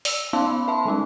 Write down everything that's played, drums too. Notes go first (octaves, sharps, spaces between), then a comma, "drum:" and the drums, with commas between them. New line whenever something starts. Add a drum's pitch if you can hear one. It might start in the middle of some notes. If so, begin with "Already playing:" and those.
D5 E6, drum: open hi-hat
B3 C#4 D#4 F5 A5 C6
B5
B4 E5 A5 C6
G3 G#3 C#4 D#4